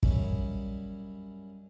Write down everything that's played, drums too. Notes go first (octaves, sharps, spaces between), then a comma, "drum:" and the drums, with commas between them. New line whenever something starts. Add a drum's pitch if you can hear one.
F#2 G3 C#4 D#4 E4 B5, drum: kick